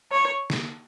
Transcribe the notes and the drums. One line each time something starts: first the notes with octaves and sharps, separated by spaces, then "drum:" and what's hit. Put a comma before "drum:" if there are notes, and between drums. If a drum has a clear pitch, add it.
C#5
drum: snare